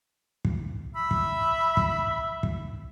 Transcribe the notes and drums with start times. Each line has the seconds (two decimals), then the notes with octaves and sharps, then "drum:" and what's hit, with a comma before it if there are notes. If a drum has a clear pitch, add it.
0.45 drum: kick
0.94 E5 B5 E6
1.11 drum: kick
1.77 drum: kick
2.43 drum: kick